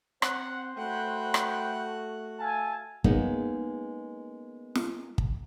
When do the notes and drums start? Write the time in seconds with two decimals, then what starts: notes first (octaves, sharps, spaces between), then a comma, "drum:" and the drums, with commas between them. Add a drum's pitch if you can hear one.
0.22 C4 C5 F#5, drum: rim click
0.78 A3 F#4 B4 F#5 G5
1.34 drum: rim click
2.39 E5 F5 G#5 A5
3.04 G#3 A#3 B3 C#4 D#4, drum: kick
4.76 drum: snare
5.18 drum: kick